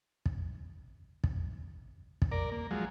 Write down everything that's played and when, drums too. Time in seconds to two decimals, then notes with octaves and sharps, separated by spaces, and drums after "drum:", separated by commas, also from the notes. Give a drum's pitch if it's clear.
0.26 drum: kick
1.24 drum: kick
2.22 drum: kick
2.32 A#4 D5
2.52 A#3
2.71 F3 F#3 G#3